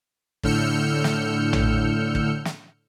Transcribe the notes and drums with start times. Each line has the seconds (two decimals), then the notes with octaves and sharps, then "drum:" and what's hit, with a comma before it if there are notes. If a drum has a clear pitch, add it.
0.43 A2 D3 E6 F6 G6 C#7, drum: kick
1.04 drum: snare
1.53 drum: tom A1
2.15 drum: kick
2.45 drum: snare